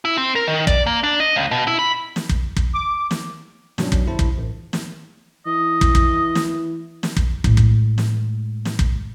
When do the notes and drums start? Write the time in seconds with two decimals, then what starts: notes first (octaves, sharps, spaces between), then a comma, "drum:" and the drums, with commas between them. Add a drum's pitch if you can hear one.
0.05 E4
0.17 C4
0.36 A#4
0.47 D#3
0.67 D5, drum: kick
0.87 A#3
1.03 D4
1.20 D#5
1.36 C#2
1.51 B2
1.67 E4
1.79 B5
2.16 drum: snare
2.29 drum: kick
2.56 drum: kick
2.73 D6
3.11 drum: snare
3.78 G2 B2 F#3 C#4 D4, drum: snare
3.92 drum: kick
4.06 G1 G2 E4 C5 A5
4.19 drum: kick
4.38 A1
4.73 drum: snare
5.46 E3 D#5
5.81 drum: kick
5.95 drum: kick
6.35 drum: snare
7.03 drum: snare
7.17 drum: kick
7.44 A2 G#3, drum: kick
7.57 drum: kick
7.98 drum: snare
8.65 drum: snare
8.79 drum: kick